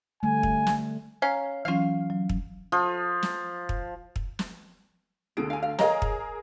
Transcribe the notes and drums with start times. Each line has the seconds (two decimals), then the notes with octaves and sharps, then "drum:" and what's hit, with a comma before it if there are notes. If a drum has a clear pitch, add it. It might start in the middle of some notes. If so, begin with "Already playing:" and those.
0.23 D3 G3 A3 G#5
0.43 drum: kick
0.67 drum: snare
1.22 C#4 F5 A#5
1.65 E3 F#3 C#4 F4 F5
2.10 F#3
2.29 drum: kick
2.72 F3
3.23 drum: snare
3.69 drum: kick
4.16 drum: kick
4.39 drum: snare
5.37 D2 D3 G#4 D7
5.50 F5 G#5
5.63 F5
5.79 G#4 A#4 C#5 D#5 F5 A#5, drum: snare
6.02 drum: kick